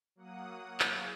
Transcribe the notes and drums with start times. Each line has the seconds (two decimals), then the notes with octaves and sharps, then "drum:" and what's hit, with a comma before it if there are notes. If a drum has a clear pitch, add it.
0.16 F#3 A#3 F#5 D#6
0.80 E4 G#4 C#5 F5, drum: clap